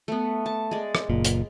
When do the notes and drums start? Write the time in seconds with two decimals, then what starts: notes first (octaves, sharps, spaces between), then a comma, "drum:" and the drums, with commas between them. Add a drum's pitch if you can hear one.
0.08 A3 B3
0.46 A5
0.71 G#3 D5
0.95 drum: rim click
1.10 F#1 A#2
1.25 drum: hi-hat